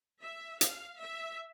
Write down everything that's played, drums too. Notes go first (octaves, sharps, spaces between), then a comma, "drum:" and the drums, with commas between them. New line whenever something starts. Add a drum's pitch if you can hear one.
E5
F5, drum: hi-hat
E5